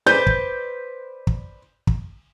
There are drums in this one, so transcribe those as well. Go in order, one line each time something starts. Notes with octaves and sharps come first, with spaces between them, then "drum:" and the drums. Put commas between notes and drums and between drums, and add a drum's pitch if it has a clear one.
B4 C5 D5 G6
drum: kick
drum: kick
drum: kick